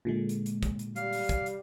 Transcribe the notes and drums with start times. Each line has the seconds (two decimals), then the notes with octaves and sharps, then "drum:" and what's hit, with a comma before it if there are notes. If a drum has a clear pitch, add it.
0.05 A#2 D3 G#3
0.29 drum: hi-hat
0.46 drum: hi-hat
0.63 drum: kick, hi-hat
0.79 drum: hi-hat
0.96 G3 F5, drum: hi-hat
1.13 drum: open hi-hat
1.29 drum: kick, hi-hat
1.46 drum: hi-hat